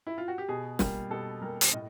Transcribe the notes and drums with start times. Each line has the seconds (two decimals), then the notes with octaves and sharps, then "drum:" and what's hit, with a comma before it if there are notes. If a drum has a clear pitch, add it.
0.07 E4
0.18 F4
0.28 F#4
0.38 G4
0.49 B2 G#4
0.79 G3 A#3, drum: snare
1.10 B2 A4
1.42 G3 A#3 A#4
1.61 drum: hi-hat
1.72 A2 D#5